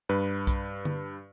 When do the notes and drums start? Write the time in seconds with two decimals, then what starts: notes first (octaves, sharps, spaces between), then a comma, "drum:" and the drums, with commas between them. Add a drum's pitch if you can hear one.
0.09 G2 B4
0.47 drum: kick B1, hi-hat
0.85 drum: tom D3